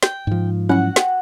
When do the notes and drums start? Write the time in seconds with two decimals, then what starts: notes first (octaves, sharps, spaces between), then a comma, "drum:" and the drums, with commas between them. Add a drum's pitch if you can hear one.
0.03 G5, drum: snare
0.27 G#2 F3
0.69 F#3 C#4 E4 F#4 F#5
0.96 G5, drum: snare